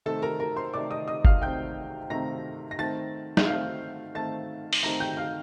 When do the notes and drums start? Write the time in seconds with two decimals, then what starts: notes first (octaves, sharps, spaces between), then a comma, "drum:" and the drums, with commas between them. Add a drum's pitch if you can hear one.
0.06 C3 D#3 A3 C4 A4 A5
0.22 A#4 A#5
0.40 A#4 A#5
0.56 C5 C6
0.74 C3 D#3 A3 C4 D5 D6
0.91 D#5 D#6
1.08 D#5 D#6
1.25 F5 F6, drum: kick F#1
1.42 C3 D#3 A3 C4 G5 G6
2.10 C3 D#3 A3 C4 A#5 A#6
2.71 A#6
2.79 D#3 A3 C4 A5 A6
3.37 G6, drum: snare
3.47 D#3 A3 C4 F5 F6
4.15 D#3 A3 C4 A5 A6
4.73 drum: open hi-hat
4.83 D#3 A3 C4 A#5 A#6
5.00 G5 G6
5.17 F5 F6